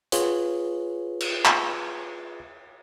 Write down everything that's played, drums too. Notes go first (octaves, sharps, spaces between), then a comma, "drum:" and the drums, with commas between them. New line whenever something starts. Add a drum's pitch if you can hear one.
F4 G#4 B4 C#5, drum: hi-hat
drum: cymbal
drum: clap